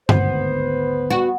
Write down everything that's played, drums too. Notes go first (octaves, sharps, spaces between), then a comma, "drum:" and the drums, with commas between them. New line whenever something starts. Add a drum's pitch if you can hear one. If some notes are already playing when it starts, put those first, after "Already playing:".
G#1 D2 B3 C5, drum: tom G2
F#4